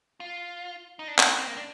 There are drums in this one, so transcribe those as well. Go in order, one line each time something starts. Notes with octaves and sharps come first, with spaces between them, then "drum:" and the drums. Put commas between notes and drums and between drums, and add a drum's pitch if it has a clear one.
F4
D#4
D4
D#4, drum: clap
C4
A#3
D4